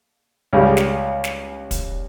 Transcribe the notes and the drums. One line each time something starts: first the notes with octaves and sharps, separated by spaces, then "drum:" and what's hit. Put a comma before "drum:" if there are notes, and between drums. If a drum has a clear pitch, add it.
C#2 C#3 G3
drum: snare
drum: snare
drum: kick, hi-hat